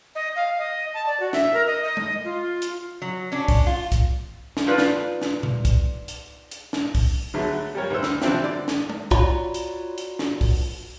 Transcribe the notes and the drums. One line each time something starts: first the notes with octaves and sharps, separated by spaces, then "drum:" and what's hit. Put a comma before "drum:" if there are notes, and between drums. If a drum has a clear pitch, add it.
D#5
F5
D#5
A5
D5
F#4
E5, drum: snare
A#4
D#5
D#5
drum: tom G#3
F4
drum: hi-hat
F#3
C#4 D4
drum: kick C2, open hi-hat
F4
drum: kick C2, hi-hat
drum: snare
D4 D#4 F4 B4 D5
drum: snare
drum: snare
drum: tom A#2
drum: kick C2, hi-hat
drum: hi-hat
drum: hi-hat
drum: snare
drum: kick C2, open hi-hat
D3 F#3 G#3 A3 B3
G3 G4 A#4 C#5
D2 B4 C5 E6
drum: snare
C3 E3 F3 C4 D4 E4, drum: snare
D3 D5
drum: snare
drum: tom G#3
F4 F#4 C#5 D5 A#5 B5, drum: kick C2, hi-hat
drum: hi-hat
drum: hi-hat
drum: snare
drum: kick C2, open hi-hat